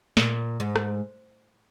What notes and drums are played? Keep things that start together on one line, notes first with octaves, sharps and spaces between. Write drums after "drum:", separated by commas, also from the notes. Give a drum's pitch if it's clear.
A#2, drum: snare
G#2
drum: rim click